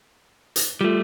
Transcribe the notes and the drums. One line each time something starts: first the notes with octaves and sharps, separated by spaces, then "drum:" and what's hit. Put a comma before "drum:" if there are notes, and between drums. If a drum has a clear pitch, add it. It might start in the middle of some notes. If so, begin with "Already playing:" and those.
drum: hi-hat
G3 A3 F4